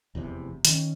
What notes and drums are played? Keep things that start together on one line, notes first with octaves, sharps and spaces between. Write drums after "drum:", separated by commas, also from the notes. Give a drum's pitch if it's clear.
F1 E2 A2 C3
D#3 C#4, drum: hi-hat